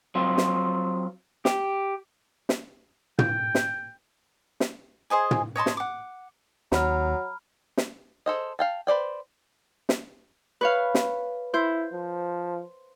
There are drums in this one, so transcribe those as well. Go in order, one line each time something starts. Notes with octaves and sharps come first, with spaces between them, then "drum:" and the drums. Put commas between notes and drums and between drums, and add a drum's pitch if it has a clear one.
F#3 C4 F4
drum: snare
G4, drum: snare
drum: snare
G5, drum: tom
drum: snare
drum: snare
G#4 C5 D#5 G#5
drum: tom
C#5 D#5 A5 C6
drum: snare
F#5 D6
D#2 F#3 A#5 B5 F6, drum: snare
drum: snare
G#4 A4 C5 D#5
F5 G5 A5
B4 C5 D5 G5
drum: snare
B4 C#5 F5
drum: snare
E4 C5
F3